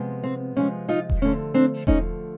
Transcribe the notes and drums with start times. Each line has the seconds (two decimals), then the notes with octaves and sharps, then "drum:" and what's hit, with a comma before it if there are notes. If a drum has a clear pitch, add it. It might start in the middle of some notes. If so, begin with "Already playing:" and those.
Already playing: C3 F3 G#3 B3
0.23 C4
0.56 C3 F3 G#3 B3 C#4
0.89 D#4 F4
1.10 drum: kick E1
1.22 D3 F3 A3 C#4
1.54 C4 D4
1.87 D3 F3 A3 C#4 D#4, drum: kick E1